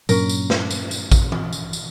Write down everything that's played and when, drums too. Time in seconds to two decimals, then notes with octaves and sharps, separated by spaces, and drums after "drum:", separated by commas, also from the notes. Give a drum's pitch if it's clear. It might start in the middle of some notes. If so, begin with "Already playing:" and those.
0.09 G2 A#2 F#3 C#4 A#4, drum: tambourine
0.29 drum: tambourine
0.50 drum: snare
0.70 drum: tambourine
0.91 drum: tambourine
1.12 drum: kick A1, tambourine
1.32 drum: tom E3
1.53 drum: tambourine
1.73 drum: tambourine